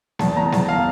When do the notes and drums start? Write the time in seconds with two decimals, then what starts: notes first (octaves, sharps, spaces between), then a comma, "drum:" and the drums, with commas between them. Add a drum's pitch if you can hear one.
0.19 E2 A5, drum: snare B3
0.36 E2 A#5
0.52 E2 A5, drum: snare B3
0.69 F5